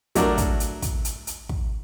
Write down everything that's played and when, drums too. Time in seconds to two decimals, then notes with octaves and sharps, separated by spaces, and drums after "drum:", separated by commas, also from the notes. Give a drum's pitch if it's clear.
0.15 F#3 A3 D4 F#4 A#4, drum: kick, hi-hat
0.38 drum: kick, hi-hat
0.60 drum: hi-hat
0.82 drum: kick, hi-hat
1.05 drum: hi-hat
1.27 drum: hi-hat
1.49 drum: kick